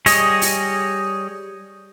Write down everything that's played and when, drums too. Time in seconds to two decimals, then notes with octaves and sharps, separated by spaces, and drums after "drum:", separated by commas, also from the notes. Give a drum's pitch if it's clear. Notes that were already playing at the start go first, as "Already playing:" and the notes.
0.06 G3 G#4 C#5 D#5, drum: open hi-hat
0.42 drum: open hi-hat